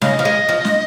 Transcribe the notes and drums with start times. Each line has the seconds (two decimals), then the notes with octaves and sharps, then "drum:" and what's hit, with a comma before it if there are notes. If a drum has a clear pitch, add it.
0.02 C#3 D#5, drum: snare
0.19 F3
0.25 G#3
0.49 F3
0.65 drum: snare